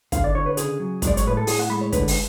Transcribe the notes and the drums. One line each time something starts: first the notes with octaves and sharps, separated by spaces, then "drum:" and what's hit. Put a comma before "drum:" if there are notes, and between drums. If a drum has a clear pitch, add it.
D3 F5, drum: kick, hi-hat
D5
D3 C#5
B4
C#3 G#4, drum: hi-hat
F#3
G#3, drum: kick, hi-hat
D5
C#5, drum: hi-hat
A2 B4
A4
A2 G#4, drum: open hi-hat
F#5
G#3 B5
C#5
D3 B4, drum: kick, hi-hat
drum: open hi-hat